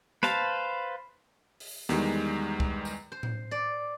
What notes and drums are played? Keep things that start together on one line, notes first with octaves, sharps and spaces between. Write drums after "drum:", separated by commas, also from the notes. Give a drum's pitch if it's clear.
B4 C5 F5 A5, drum: snare
drum: open hi-hat
E2 D#3 G3 G#3, drum: snare
drum: kick C2
drum: tambourine
C5
drum: tom A2
D5